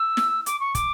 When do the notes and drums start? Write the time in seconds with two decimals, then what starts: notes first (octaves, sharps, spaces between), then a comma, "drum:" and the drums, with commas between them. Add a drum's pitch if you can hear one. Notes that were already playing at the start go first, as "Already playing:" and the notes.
Already playing: E6
0.17 drum: snare
0.46 D6, drum: hi-hat
0.60 C#6
0.75 D6, drum: kick, hi-hat